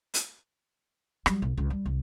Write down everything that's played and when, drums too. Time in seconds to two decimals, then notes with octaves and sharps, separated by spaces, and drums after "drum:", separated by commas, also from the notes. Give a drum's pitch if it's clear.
0.14 drum: hi-hat
1.26 F#3 G3, drum: rim click
1.42 B1
1.58 C#2
1.70 G3
1.86 C2